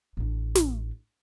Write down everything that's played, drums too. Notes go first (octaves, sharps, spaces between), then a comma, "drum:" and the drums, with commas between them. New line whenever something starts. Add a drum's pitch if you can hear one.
A1 D4
drum: snare